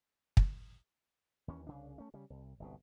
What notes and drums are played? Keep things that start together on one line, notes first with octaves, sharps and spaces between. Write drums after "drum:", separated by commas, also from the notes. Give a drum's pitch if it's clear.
drum: kick
D#2 E3 C#4
C2 C#3 D4
A3 C#4
C#3 G3
C2
G1 C2 B2